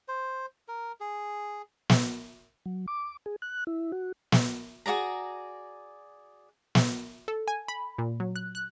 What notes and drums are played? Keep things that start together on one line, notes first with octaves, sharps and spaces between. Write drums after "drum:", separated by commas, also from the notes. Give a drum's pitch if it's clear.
C5
A#4
G#4
drum: snare
F#3
D6
G#4
F#6
E4
F#4
drum: snare
F#4 G#4 D5 A#5
drum: snare
A4
G#5
B5
A#2
F#3
F#6
F#6